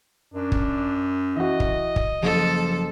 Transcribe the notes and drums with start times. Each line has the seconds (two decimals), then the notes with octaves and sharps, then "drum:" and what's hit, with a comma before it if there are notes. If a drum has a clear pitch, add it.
0.34 F#2 D4
0.52 drum: kick
1.36 E3 F#4 D#5
1.60 drum: kick
1.96 drum: kick
2.23 F#1 F3 A4